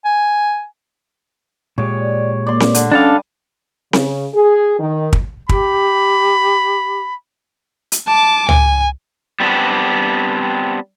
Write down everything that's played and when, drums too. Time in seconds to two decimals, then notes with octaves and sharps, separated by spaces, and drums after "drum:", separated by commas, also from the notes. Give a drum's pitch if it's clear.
0.05 G#5
1.78 A#2 G#3 G4 C#5
2.00 D5
2.47 A#3 D5 C6
2.60 drum: snare C4
2.74 D3, drum: hi-hat
2.92 G3 C#4 D4 A4 D#5 F5 D6
3.93 C#3, drum: snare C4
4.33 G#4
4.79 D#3
5.13 drum: kick
5.49 G4 B5, drum: kick
7.92 drum: hi-hat
8.07 A5 D6
8.48 G#5, drum: tom C#2
9.40 G3 B3 C4 D4